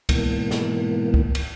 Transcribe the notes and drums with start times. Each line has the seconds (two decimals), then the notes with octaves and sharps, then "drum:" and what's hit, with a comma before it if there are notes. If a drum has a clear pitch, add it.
0.09 G#2 B2 E3 A#3, drum: kick C#2, cymbal
0.51 drum: snare
1.14 drum: kick C#2
1.35 drum: cymbal